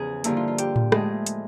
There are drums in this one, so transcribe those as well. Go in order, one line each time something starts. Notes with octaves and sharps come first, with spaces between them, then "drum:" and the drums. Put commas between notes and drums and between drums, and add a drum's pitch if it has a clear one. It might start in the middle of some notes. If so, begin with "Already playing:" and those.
Already playing: E2 C#3 F3 G#4
G2 D3 F3 A#3 E4, drum: hi-hat
F4
F4
G4, drum: hi-hat
drum: tom A2
A2 F3 G#3 G#4, drum: rim click
drum: hi-hat